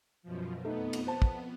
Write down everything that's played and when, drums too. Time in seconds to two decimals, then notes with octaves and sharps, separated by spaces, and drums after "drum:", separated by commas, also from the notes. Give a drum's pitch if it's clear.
0.23 F#2 B2 F3
0.65 F2 A3 B3 D#4
0.93 drum: cymbal
1.07 C5 A5
1.22 drum: kick